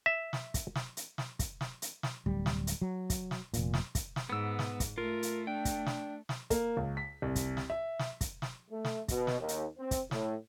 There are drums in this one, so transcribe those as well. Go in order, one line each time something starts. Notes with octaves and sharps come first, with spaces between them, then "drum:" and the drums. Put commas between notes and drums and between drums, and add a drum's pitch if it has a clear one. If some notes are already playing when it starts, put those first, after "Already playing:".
E5
drum: snare
drum: kick, hi-hat
drum: snare
drum: hi-hat
drum: snare
drum: kick, hi-hat
drum: snare
drum: hi-hat
drum: snare
D1 G3, drum: kick
drum: snare
drum: hi-hat
F#3
drum: kick, hi-hat
drum: snare
F1 A#2, drum: hi-hat
drum: snare
drum: kick, hi-hat
drum: snare
G#2 B3 E6
drum: snare
drum: kick, hi-hat
A3 F4 A#4
drum: hi-hat
D4 G5
drum: kick, hi-hat
drum: snare
drum: snare
A#3, drum: kick, hi-hat
C#2
B6
C2
drum: kick, hi-hat
drum: snare
E5
drum: snare
drum: kick, hi-hat
drum: snare
A3
drum: snare
B2, drum: kick, hi-hat
drum: snare
D#2
drum: hi-hat
C4
drum: kick, hi-hat
A2, drum: snare